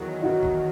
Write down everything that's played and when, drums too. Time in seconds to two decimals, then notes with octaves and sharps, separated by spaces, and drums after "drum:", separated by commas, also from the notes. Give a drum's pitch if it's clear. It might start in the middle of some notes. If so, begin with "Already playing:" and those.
Already playing: E2 D#3 F#3
0.22 D#4 F#4
0.43 drum: kick